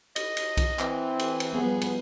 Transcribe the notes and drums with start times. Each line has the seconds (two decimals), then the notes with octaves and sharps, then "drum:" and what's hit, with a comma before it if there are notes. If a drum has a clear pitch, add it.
0.16 D#5, drum: cymbal
0.37 drum: cymbal
0.57 drum: kick B1, cymbal
0.79 E3 C4, drum: clap
1.19 drum: cymbal
1.40 drum: cymbal
1.54 F3 G3 B3 G#4
1.81 drum: cymbal